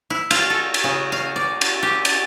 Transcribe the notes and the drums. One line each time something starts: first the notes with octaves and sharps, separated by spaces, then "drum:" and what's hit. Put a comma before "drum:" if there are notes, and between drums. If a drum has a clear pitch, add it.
E4
F4, drum: cymbal
A4
drum: cymbal
C#3
F5
D5
drum: cymbal
G4
drum: cymbal